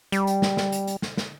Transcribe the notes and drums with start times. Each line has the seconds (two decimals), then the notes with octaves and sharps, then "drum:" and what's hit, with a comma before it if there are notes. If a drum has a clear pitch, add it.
0.12 G3, drum: hi-hat
0.27 drum: hi-hat
0.42 drum: snare
0.57 drum: snare
0.72 drum: hi-hat
0.87 drum: hi-hat
1.02 drum: snare
1.17 drum: snare